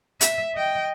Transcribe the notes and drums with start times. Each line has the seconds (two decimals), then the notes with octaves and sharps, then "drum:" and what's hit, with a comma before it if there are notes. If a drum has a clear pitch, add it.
0.21 E5, drum: hi-hat
0.55 D#5 G5